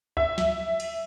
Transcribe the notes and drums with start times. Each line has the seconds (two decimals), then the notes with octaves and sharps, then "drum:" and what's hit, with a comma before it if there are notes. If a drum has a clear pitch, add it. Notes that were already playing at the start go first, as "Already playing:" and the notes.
0.17 E5, drum: kick C#2
0.38 drum: snare
0.80 drum: cymbal